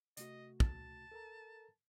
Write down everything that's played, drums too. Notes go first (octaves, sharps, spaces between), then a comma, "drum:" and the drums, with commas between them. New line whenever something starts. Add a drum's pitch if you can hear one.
C3 A3 F#4 D#5, drum: hi-hat
A5, drum: kick
A4 A#4 A#5